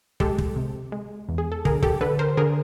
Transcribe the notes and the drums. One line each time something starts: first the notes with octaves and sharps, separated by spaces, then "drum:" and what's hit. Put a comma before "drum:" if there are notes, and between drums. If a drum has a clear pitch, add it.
G#3 G4 A4, drum: kick
drum: kick
C3
G#3
E2
G#4
A4
D3 G#4 A#4, drum: kick
G4 A4, drum: kick
D3 A4 B4
A#4 C5
D3 G#4 A#4